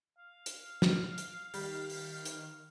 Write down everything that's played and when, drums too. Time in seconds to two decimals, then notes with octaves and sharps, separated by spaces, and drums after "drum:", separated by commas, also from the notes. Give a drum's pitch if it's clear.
0.18 F5
0.46 drum: hi-hat
0.82 drum: snare
1.18 drum: hi-hat
1.54 D#3 G3, drum: open hi-hat
1.90 drum: open hi-hat
2.25 drum: hi-hat